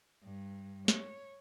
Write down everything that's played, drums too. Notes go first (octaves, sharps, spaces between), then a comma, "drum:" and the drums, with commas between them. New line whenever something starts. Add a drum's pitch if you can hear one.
G2
C#5, drum: snare